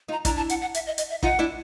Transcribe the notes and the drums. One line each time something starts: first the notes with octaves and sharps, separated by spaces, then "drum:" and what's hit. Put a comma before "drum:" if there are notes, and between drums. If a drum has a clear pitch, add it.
D#4 F4
A#5
D4 E4 A#5, drum: kick, hi-hat
A5
F#5, drum: hi-hat
F#5
E5, drum: hi-hat
D#5
D#5, drum: hi-hat
E5
D#4 F4 F#5, drum: kick
D4 E4